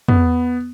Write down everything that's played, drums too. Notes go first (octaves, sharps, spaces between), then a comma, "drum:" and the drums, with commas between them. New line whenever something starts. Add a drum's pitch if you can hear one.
B3, drum: tom